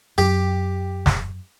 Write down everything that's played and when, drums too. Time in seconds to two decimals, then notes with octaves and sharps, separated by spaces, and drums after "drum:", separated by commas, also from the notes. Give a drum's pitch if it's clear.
0.18 F#2 G4
1.06 drum: snare